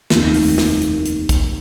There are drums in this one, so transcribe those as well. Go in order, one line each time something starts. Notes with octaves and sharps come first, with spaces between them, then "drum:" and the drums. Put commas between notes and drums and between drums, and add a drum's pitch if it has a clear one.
F1 D#2 D#3 A#3, drum: snare
drum: open hi-hat
drum: snare
drum: hi-hat
drum: hi-hat
drum: kick A#1, hi-hat